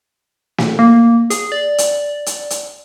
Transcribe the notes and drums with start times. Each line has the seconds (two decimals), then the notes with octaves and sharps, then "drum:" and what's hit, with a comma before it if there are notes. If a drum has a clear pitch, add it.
0.58 drum: snare
0.79 A#3
1.30 G#4, drum: hi-hat
1.52 D5
1.78 drum: hi-hat
2.26 drum: hi-hat
2.50 drum: hi-hat